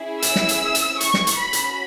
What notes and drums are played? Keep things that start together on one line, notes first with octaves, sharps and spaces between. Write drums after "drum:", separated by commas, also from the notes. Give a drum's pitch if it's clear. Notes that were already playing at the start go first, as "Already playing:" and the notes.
Already playing: C#4 E4 G#4
E6, drum: hi-hat
drum: snare
drum: hi-hat
drum: hi-hat
C#6, drum: hi-hat
drum: snare
drum: hi-hat
C#4 F#4 B5
drum: hi-hat